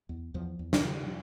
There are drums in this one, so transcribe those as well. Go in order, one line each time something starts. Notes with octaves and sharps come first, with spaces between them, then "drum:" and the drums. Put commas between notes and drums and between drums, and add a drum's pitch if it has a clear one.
E2
E2 F3
E2
D#3, drum: snare
C#3